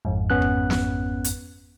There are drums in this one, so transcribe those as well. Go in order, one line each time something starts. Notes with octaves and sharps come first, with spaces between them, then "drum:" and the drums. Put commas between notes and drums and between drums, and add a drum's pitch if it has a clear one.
G#1 F2 G#2
B3 C#4 F#6
drum: kick
drum: snare
drum: hi-hat